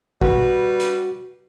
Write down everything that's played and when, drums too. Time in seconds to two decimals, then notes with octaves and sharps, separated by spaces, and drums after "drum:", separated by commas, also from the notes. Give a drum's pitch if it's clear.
0.21 G3 F#4 B4, drum: kick
0.80 drum: hi-hat